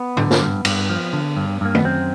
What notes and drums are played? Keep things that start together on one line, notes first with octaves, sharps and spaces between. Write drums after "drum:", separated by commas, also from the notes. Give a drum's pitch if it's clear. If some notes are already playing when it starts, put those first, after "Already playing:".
Already playing: B3
D3, drum: tom G#2
drum: snare
G2
G2, drum: cymbal
F3
D3
G2
G2 A#3
B3, drum: tom
F#2 C4